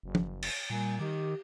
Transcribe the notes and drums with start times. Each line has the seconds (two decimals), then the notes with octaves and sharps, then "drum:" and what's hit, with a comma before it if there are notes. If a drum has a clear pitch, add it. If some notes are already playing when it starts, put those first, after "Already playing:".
0.03 F#1
0.15 drum: tom
0.42 drum: cymbal
0.70 A#2 G3 G#5
0.99 D#3 G4 D6